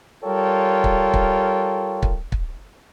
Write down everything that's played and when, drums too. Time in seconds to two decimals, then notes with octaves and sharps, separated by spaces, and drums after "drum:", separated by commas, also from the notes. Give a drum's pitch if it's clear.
0.25 G3 F4 A4 A#4 C#5 G5
0.84 drum: kick
1.14 drum: kick
2.03 drum: kick
2.32 drum: kick